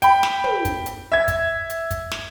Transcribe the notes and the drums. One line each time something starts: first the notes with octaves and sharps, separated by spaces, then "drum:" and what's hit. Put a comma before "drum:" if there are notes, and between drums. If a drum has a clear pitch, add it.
G5 B5, drum: hi-hat
drum: snare
drum: tom
drum: kick, hi-hat
drum: hi-hat
E5 G#6
drum: kick, hi-hat
drum: hi-hat
drum: kick, hi-hat
drum: snare